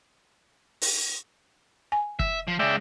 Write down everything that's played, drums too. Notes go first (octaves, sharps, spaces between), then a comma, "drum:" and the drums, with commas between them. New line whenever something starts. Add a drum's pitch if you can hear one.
drum: open hi-hat
G#5
E5, drum: kick
F3
C#3 G#3 D5 E5 G5